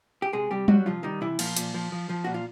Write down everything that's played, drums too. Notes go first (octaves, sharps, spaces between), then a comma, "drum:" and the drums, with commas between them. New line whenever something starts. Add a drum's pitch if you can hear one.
G4
C3 G#3 G#4
C3 G3 G4
F#3 G3 F#4, drum: tom G3
C3 F3 F4
D#3 G3 D#4
C3 E3 E4
A#2 F3 F4, drum: cymbal
A#2, drum: hi-hat
F3
F3
F3
A#2 F#4
F4